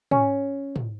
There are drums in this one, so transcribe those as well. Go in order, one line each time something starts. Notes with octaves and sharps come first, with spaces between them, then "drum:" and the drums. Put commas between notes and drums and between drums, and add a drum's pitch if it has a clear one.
C#4, drum: tom
drum: tom